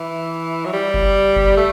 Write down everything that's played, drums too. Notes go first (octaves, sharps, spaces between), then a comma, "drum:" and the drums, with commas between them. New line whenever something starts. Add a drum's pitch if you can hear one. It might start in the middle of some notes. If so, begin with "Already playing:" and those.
Already playing: E3
F#3
G3
drum: kick F#1
drum: kick F#1
A3